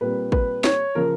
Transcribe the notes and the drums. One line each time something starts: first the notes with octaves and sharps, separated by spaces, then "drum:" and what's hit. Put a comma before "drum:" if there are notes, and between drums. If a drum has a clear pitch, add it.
A#2 G3 C4 B4
B4, drum: kick
C#5, drum: snare
C#3 F3 A#4